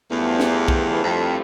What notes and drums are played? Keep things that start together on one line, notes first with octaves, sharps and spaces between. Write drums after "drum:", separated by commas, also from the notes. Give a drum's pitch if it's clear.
E2 G2 F3 A3 E4 G4
drum: snare
drum: kick B1
F2